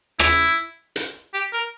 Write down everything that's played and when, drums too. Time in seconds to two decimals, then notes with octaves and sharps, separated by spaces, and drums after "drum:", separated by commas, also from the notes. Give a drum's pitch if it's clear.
0.19 E4, drum: rim click
0.96 drum: hi-hat
1.34 G4
1.53 A#4